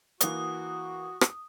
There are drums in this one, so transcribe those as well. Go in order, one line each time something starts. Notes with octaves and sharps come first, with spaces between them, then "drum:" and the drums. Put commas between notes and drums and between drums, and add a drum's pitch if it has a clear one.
E3 A#3 F#4 D#6, drum: hi-hat
drum: rim click